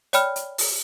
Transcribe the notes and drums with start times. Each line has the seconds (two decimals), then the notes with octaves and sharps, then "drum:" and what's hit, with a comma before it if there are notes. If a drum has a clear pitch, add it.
0.13 C#5 D5 G5 B5 F6, drum: hi-hat
0.36 drum: hi-hat
0.58 drum: open hi-hat